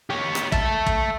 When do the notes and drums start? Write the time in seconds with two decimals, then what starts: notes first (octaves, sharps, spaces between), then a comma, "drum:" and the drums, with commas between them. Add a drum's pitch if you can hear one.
0.10 G4 C#5
0.35 drum: rim click
0.52 E5 A5, drum: kick
0.87 drum: kick